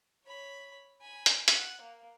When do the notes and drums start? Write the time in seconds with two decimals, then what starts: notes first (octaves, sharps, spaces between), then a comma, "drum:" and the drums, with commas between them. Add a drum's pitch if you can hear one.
0.25 C#5 B5
1.01 G#5 B5
1.26 drum: hi-hat
1.48 F#5, drum: hi-hat
1.81 A#3